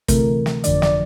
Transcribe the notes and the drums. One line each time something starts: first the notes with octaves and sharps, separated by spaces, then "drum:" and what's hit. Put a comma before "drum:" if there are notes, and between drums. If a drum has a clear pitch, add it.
D2 C3 E3 A3 A#4, drum: kick, hi-hat
drum: snare
G1 F2 D3 F3 D5, drum: hi-hat
D5, drum: snare